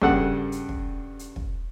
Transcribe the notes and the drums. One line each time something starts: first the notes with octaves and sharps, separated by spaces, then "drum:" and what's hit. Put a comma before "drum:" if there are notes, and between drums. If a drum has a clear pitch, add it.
G2 C#3 A4 F#5, drum: kick
drum: hi-hat
drum: kick
drum: hi-hat
drum: kick